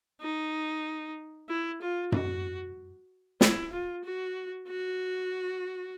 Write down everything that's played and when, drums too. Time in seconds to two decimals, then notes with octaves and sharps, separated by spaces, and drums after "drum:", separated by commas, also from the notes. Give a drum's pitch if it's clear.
0.21 D#4
1.49 E4
1.82 F4
2.12 F#4, drum: tom F#2
3.41 E4, drum: snare
3.73 F4
4.04 F#4
4.68 F#4